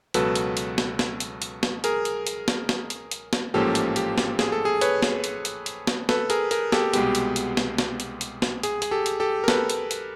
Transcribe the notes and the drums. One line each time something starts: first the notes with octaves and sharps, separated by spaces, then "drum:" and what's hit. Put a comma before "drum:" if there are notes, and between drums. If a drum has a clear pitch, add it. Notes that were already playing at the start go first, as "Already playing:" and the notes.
C#2 B2 F#3 A4 B4, drum: hi-hat
drum: hi-hat
drum: hi-hat
drum: snare
drum: snare
drum: hi-hat
drum: hi-hat
drum: snare
G#4 A#4, drum: hi-hat
drum: hi-hat
drum: hi-hat
drum: snare
drum: snare
drum: hi-hat
drum: hi-hat
drum: snare
A1 G#2 F3 A#3 C#4 G4 A4
drum: hi-hat
G4, drum: hi-hat
drum: snare
G#4, drum: snare
A4
G#4
B4 C#5, drum: hi-hat
drum: snare
drum: hi-hat
drum: hi-hat
drum: hi-hat
drum: snare
A4 B4, drum: snare
G#4 A#4, drum: hi-hat
G#4 A#4, drum: hi-hat
G4 A4, drum: snare
C2 B2 G#3 B3 G4, drum: hi-hat
drum: hi-hat
drum: hi-hat
drum: snare
drum: snare
drum: hi-hat
drum: hi-hat
drum: snare
G#4, drum: hi-hat
G#4, drum: hi-hat
G4 A4
drum: hi-hat
G4 A4
A#4
A4 B4, drum: snare
drum: hi-hat
drum: hi-hat